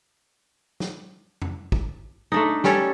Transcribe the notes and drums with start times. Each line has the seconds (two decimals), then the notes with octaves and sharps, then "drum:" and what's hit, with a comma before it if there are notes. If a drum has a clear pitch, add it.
0.80 drum: snare
1.42 drum: tom F2
1.72 drum: kick
2.32 A3 D4 D#4
2.64 G3 C#4 A4 C#5, drum: snare